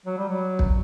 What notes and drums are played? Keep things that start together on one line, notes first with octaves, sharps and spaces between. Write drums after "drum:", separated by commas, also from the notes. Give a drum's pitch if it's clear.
F#3
G3
F#3
drum: kick